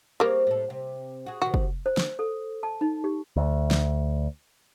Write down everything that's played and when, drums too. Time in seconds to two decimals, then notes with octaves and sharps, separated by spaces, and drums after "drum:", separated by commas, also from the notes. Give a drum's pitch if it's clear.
0.20 G3 A#3 C4 G#4 C#5
0.47 A2 A4
0.70 C3
1.26 F#4 G#4
1.42 C3 D#3 F#4
1.54 drum: kick
1.86 C5
1.97 drum: snare
2.19 A4
2.63 A5
2.81 D#4
3.04 G4
3.36 D2
3.71 drum: snare